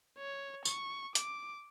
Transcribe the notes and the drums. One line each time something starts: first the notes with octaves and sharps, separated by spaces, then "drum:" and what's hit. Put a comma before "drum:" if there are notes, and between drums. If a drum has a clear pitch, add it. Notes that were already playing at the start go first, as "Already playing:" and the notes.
C#5
C#6, drum: tambourine
D6, drum: hi-hat